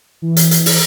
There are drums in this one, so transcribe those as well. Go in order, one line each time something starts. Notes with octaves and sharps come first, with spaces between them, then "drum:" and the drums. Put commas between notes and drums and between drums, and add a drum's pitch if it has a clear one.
E3
drum: hi-hat
drum: hi-hat
drum: open hi-hat